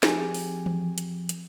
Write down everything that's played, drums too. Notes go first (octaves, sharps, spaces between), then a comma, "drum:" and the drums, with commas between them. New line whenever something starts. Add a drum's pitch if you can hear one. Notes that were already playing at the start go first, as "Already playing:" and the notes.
F2 G4 G#4, drum: snare
drum: open hi-hat
drum: tom E3
drum: hi-hat
drum: hi-hat